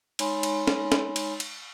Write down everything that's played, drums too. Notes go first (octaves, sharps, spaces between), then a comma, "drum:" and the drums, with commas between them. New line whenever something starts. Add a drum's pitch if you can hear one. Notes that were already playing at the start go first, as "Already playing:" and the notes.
G#3 D#4 C#5 G#5 B5 C6, drum: cymbal
drum: cymbal
drum: snare
drum: snare
drum: cymbal
drum: cymbal